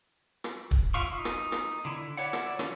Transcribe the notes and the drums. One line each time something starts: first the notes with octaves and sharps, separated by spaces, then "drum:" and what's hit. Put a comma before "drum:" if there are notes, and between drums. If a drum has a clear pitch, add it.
drum: rim click
drum: kick
E4 F4 F5 C#6
D#4
drum: rim click
drum: rim click
D3 E4
E4 C#5 D5 F#5
drum: rim click
F3 C#4, drum: rim click